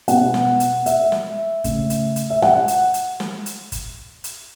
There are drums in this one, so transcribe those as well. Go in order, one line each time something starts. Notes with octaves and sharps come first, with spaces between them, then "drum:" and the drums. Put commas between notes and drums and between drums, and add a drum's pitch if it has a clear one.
B2 B3 F#5, drum: hi-hat
drum: snare
drum: hi-hat
E5, drum: hi-hat
drum: snare
C#3 A3, drum: kick, hi-hat
drum: hi-hat
drum: hi-hat
E5
F#5, drum: snare
drum: hi-hat
drum: hi-hat
drum: snare
drum: hi-hat
drum: kick, hi-hat
drum: hi-hat